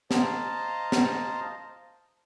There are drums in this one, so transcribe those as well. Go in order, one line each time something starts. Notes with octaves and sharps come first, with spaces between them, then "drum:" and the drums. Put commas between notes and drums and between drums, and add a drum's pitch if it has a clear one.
C5 D#5 F5 A5 A#5, drum: snare
drum: snare